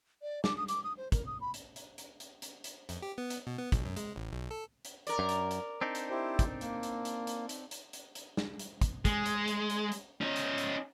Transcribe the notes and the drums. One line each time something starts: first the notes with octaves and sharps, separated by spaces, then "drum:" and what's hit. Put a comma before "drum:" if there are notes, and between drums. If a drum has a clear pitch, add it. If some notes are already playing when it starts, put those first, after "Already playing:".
D5
D6, drum: snare
D#6
D6, drum: hi-hat
D#6
C5
A#4, drum: kick, hi-hat
D#6
B5
drum: hi-hat
drum: hi-hat
drum: hi-hat
drum: hi-hat
drum: hi-hat
drum: hi-hat
F2, drum: hi-hat
G4
B3
drum: hi-hat
B2
B3
B1, drum: kick, hi-hat
F#2
G#3, drum: hi-hat
A1
B1
A4
drum: hi-hat
A#4 D5, drum: hi-hat
F#2
drum: hi-hat
drum: hi-hat
C4 D4 D#4
drum: hi-hat
E4 G4 C5
drum: kick, hi-hat
A#3, drum: hi-hat
drum: hi-hat
drum: hi-hat
drum: hi-hat
drum: hi-hat
drum: hi-hat
drum: hi-hat
drum: hi-hat
drum: snare
drum: hi-hat
drum: kick, hi-hat
G#3, drum: kick, hi-hat
drum: hi-hat
drum: hi-hat
drum: hi-hat
drum: hi-hat
C#4 D#4
drum: hi-hat
drum: hi-hat